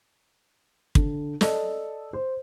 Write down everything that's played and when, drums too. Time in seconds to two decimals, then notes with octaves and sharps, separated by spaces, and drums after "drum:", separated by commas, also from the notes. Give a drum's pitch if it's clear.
0.95 D3, drum: kick
1.41 A4 D5 D#5, drum: snare
2.13 C5